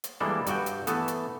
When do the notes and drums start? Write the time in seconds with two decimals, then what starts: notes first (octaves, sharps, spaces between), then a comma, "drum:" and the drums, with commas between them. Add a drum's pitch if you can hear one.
0.04 drum: hi-hat
0.20 E3 G3 G#3 A#3 D4 A4
0.46 G2 F#4 G5, drum: hi-hat
0.66 drum: hi-hat
0.87 E3 A3 B3 A4, drum: hi-hat
1.08 drum: hi-hat